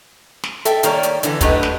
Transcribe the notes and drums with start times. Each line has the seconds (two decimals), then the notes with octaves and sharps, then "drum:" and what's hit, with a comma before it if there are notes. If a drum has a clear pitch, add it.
0.44 drum: snare
0.65 A4 E5 G5, drum: hi-hat
0.83 D#3 G3 A#3 C#5 D5, drum: hi-hat
1.03 drum: hi-hat
1.23 D3 E3 B3, drum: hi-hat
1.41 F#3 A3 D4 G4 B4 D#5, drum: kick, hi-hat
1.63 drum: snare